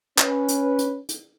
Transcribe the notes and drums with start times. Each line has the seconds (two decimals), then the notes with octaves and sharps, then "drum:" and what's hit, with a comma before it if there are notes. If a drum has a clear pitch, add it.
0.18 C#4 B4, drum: clap
0.49 drum: hi-hat
0.79 drum: hi-hat
1.09 drum: hi-hat